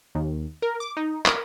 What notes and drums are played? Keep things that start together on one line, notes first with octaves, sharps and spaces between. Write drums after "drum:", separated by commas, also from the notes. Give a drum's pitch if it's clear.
D#2
A#4
D6
D#4
A#4, drum: clap